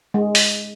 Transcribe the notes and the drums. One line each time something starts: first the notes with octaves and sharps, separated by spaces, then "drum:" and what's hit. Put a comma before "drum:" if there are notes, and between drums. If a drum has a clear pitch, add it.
G#3
drum: open hi-hat